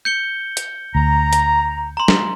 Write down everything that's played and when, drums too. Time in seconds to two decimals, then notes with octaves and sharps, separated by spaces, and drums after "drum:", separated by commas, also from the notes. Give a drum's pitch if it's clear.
0.05 G6 C#7 G7
0.57 drum: hi-hat
0.95 D2 A#5
1.33 drum: hi-hat
1.97 A#5 C6
2.08 drum: snare